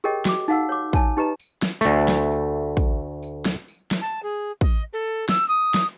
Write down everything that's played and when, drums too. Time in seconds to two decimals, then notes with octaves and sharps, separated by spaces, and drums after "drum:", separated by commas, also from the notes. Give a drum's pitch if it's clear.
0.04 G4 G#4 A#4 C#5 D#5 G5, drum: tambourine
0.25 F#4 D6, drum: snare
0.48 D#4 F5 F#5 E6, drum: tambourine
0.69 C#5 D6
0.93 C#5 G#5 A5, drum: kick, tambourine
1.17 D#4 G4 B4 D#5 A#5
1.40 drum: tambourine
1.62 drum: snare
1.81 D2 A3
2.08 drum: snare
2.31 drum: tambourine
2.77 drum: kick, tambourine
3.23 drum: tambourine
3.45 drum: snare
3.68 drum: tambourine
3.91 drum: snare
4.01 A5
4.22 G#4
4.61 D#5, drum: kick, tambourine
4.93 A4
5.06 drum: tambourine
5.29 E6, drum: snare
5.48 D#6
5.74 drum: snare